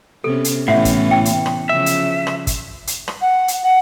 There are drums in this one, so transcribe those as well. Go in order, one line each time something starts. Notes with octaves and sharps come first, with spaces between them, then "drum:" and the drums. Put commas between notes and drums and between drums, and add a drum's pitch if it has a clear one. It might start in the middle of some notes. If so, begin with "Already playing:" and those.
C3 B3 C#4 A4
drum: hi-hat
A2 E3 B3 C#4 E5 F#5
drum: kick, hi-hat
G5
drum: hi-hat
drum: rim click
C#3 F3 E5
drum: hi-hat
drum: rim click
drum: kick, hi-hat
drum: hi-hat
drum: rim click
F#5
drum: hi-hat
F#5